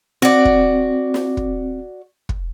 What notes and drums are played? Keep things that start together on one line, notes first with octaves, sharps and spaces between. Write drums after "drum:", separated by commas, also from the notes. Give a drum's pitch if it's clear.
C4 F#4 D5
drum: kick
drum: snare
drum: kick
drum: kick